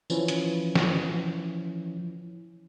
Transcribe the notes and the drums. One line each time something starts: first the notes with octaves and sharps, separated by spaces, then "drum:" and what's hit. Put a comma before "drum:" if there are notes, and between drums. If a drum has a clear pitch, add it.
E3 F3 C#4 E4, drum: tambourine
drum: hi-hat
drum: snare